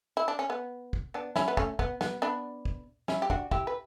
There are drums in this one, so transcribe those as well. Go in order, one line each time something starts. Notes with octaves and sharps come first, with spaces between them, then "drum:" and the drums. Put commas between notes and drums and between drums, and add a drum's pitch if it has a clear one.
E4
D4
C#4
B3
drum: kick
B3 D4
C#4 E4, drum: snare
B3
A3 C#4, drum: kick
B3, drum: kick
B3, drum: snare
B3 D4
drum: kick
C#4 E4, drum: snare
G4
D4 F#4, drum: kick
E4 G4, drum: kick
B4